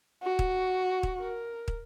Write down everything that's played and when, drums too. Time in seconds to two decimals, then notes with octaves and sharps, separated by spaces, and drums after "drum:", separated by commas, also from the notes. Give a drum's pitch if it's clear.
0.23 F#4
0.39 drum: kick
1.03 drum: kick
1.19 A#4
1.68 drum: kick